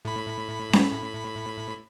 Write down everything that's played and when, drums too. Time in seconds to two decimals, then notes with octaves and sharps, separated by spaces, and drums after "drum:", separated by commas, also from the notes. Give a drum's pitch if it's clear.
0.05 A2 B5
0.73 drum: snare C#4